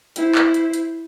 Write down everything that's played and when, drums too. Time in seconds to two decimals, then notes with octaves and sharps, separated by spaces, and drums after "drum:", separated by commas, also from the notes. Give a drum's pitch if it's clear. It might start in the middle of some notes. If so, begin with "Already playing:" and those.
0.16 E4 C5, drum: hi-hat
0.35 drum: clap
0.54 drum: hi-hat
0.73 drum: hi-hat